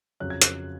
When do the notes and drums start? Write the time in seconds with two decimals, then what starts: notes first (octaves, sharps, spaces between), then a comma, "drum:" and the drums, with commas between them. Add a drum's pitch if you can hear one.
0.20 F2 C#3 F#3 C#4 F#6
0.30 G#6
0.42 F#6, drum: hi-hat